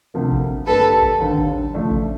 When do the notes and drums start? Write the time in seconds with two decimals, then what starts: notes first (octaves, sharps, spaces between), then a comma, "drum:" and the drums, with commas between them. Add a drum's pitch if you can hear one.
0.14 D2 C3 F3 A#3
0.32 drum: kick G#1
0.67 G2 D3 G3 A#3 A4 B4
1.03 drum: kick G#1
1.20 D#2 D3 G3
1.38 drum: kick G#1
1.74 C#3 F3 A3 D4
1.91 drum: kick G#1